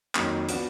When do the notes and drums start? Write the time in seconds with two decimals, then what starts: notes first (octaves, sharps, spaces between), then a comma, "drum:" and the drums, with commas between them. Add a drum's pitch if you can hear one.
0.15 F2 D#3 F#3 A#3, drum: clap
0.49 F3 B3 D4 F#4, drum: hi-hat